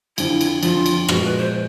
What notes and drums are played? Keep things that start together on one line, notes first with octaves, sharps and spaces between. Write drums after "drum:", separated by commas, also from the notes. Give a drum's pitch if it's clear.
F2 D3 F3 E4, drum: cymbal
drum: cymbal
F2 D3 F3 F4, drum: cymbal
drum: cymbal
A#2 F3 G#3 B3 F#4, drum: rim click
B4
C5